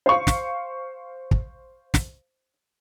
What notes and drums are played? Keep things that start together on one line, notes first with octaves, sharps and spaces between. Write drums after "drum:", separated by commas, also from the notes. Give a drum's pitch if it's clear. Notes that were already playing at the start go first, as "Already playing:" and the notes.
C5 F5 C#6
drum: snare
drum: kick
drum: snare